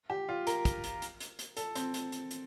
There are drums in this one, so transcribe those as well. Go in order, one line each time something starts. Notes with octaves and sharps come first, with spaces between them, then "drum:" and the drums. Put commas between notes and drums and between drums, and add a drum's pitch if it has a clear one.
G4
F4
A#4, drum: hi-hat
drum: kick, hi-hat
drum: hi-hat
drum: hi-hat
drum: hi-hat
drum: hi-hat
A4, drum: hi-hat
C4, drum: hi-hat
drum: hi-hat
drum: hi-hat
drum: hi-hat